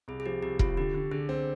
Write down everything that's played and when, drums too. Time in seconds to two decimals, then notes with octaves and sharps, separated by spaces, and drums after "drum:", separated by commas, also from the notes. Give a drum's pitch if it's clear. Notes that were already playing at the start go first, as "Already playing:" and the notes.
0.08 C2 G#4
0.20 G#4
0.26 F3 G4
0.43 C2 G4
0.59 C2 F4, drum: kick E1
0.77 D3 G4
0.94 D3
1.11 D3 G#4
1.29 C4